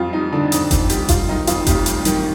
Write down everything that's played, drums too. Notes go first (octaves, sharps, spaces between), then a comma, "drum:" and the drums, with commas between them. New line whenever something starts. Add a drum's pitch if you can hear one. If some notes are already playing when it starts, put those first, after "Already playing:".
Already playing: F2 G3 F4
G3 D#4
D3 D4
F2 D#4, drum: hi-hat
F2, drum: kick F#1, hi-hat
G3 G4, drum: hi-hat
G3 F4, drum: kick F#1, hi-hat
D#3 D#4
F2 F4, drum: hi-hat
F1 G4, drum: kick F#1, hi-hat
G3, drum: hi-hat
D#3, drum: hi-hat